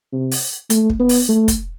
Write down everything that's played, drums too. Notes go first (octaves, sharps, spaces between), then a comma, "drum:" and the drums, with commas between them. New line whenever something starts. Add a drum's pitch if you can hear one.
C3
drum: open hi-hat
A3, drum: hi-hat
drum: kick
B3
drum: open hi-hat
A3
drum: kick, hi-hat